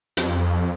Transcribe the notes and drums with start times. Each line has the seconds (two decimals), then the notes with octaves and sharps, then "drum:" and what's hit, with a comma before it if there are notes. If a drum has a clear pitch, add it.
0.17 F2, drum: hi-hat